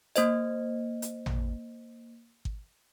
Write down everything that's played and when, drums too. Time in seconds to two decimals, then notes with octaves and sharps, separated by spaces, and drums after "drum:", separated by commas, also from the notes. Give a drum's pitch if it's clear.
0.16 A#3 C5 D#5, drum: hi-hat
1.02 drum: hi-hat
1.26 drum: tom
2.45 drum: kick G#1